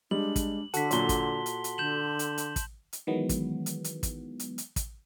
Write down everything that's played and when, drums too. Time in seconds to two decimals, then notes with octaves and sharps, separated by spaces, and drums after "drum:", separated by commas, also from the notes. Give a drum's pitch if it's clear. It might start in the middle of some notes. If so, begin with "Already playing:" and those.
0.11 G3 G#3 D4 F#7
0.36 drum: kick, hi-hat
0.74 D3 F#4 A4 F#5 A5 B6, drum: hi-hat
0.91 A#2 F#3 C6 G7, drum: hi-hat
1.09 drum: kick, hi-hat
1.46 drum: hi-hat
1.64 drum: hi-hat
1.78 D3 G6 E7 F#7
2.19 drum: hi-hat
2.38 drum: hi-hat
2.56 drum: kick, hi-hat
2.93 drum: hi-hat
3.07 D#3 E3 F#3 G#3 B3
3.29 drum: kick, hi-hat
3.66 drum: hi-hat
3.84 drum: hi-hat
4.03 drum: kick, hi-hat
4.39 drum: hi-hat
4.58 drum: hi-hat
4.76 drum: kick, hi-hat